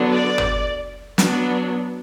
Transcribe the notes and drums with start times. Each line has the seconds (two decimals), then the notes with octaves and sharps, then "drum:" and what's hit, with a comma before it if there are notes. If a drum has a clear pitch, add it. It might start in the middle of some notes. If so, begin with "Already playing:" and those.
Already playing: D3 F#3 B3 D4
0.12 D5
0.38 drum: tom
1.18 F#3 B3 D4, drum: snare